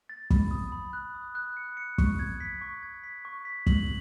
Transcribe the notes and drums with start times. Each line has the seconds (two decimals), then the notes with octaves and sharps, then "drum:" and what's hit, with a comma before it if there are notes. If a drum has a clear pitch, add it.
0.09 A6
0.30 B5, drum: kick
0.51 D#6
0.72 B5
0.93 F#6
1.14 D#6
1.35 F#6
1.57 C#7
1.77 C#7
1.98 C#6, drum: kick
2.19 G#6
2.40 B6
2.62 C#6
2.83 G#6
3.04 B6
3.25 C#6
3.45 B6
3.66 F#7, drum: kick